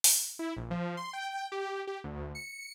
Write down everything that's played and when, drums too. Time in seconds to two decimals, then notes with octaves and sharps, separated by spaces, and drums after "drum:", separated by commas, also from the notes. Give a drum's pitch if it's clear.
0.04 drum: open hi-hat
0.39 E4
0.57 A#1
0.71 F3
0.97 C6
1.13 G5
1.52 G4
1.87 G4
2.04 D2
2.35 C#7